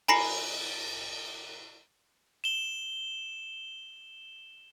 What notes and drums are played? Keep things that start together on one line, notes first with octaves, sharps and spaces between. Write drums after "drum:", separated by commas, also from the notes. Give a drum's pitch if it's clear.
G#5 A#5 B5 A#6 C7 C#7, drum: cymbal
E7 G7